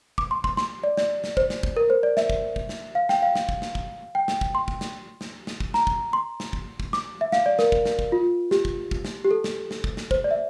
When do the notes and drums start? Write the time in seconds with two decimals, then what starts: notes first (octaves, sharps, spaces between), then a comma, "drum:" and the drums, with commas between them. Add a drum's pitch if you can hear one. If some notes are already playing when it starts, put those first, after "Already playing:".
0.18 D6, drum: kick
0.31 C6
0.44 C6, drum: kick
0.57 C6, drum: snare
0.84 D5
0.97 D5, drum: snare
1.24 drum: snare
1.37 C5, drum: kick
1.50 drum: snare
1.63 drum: kick
1.77 A#4
1.90 C5
2.03 D5
2.17 E5, drum: snare
2.30 drum: kick
2.56 drum: kick
2.69 drum: snare
2.95 F5
3.09 G5, drum: snare
3.22 F5
3.35 drum: snare
3.49 drum: kick
3.62 drum: snare
3.75 drum: kick
4.15 G5
4.28 drum: snare
4.41 drum: kick
4.55 C6
4.68 drum: kick
4.81 drum: snare
5.21 drum: snare
5.47 drum: snare
5.60 drum: kick
5.74 A#5, drum: snare
5.87 drum: kick
6.13 C6
6.40 drum: snare
6.53 drum: kick
6.80 drum: kick
6.93 D6, drum: snare
7.21 E5
7.32 F5, drum: snare
7.46 D5
7.59 A#4, drum: snare
7.72 drum: kick
7.85 drum: snare
7.99 drum: kick
8.12 F4
8.51 G4, drum: snare
8.65 drum: kick
8.91 drum: kick
9.05 drum: snare
9.25 G4
9.31 A4
9.44 drum: snare
9.71 drum: snare
9.84 drum: kick
9.97 drum: snare
10.11 C5, drum: kick
10.24 D5
10.31 E5